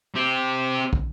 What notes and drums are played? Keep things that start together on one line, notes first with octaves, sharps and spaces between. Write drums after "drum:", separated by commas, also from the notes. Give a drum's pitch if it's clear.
C4 G4
drum: kick